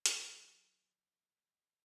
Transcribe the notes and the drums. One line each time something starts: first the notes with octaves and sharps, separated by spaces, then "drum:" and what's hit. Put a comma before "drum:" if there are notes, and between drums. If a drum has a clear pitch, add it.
D#3 F#3 E4 B5, drum: hi-hat